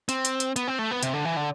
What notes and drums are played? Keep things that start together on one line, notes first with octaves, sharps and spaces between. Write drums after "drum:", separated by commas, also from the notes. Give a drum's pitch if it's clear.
C4, drum: hi-hat
drum: hi-hat
drum: hi-hat
B3, drum: hi-hat
C4
A3
B3
C3, drum: hi-hat
D3
E3
D3